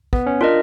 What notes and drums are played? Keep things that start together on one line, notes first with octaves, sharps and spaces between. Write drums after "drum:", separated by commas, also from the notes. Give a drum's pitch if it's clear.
B3, drum: kick
C#4
D4 F4 A#4 D#5